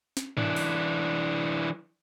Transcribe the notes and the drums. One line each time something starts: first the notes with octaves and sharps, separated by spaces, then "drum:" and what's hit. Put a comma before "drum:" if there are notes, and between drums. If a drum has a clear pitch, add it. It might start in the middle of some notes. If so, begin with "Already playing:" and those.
drum: snare
E3 D4, drum: tom G#2
drum: open hi-hat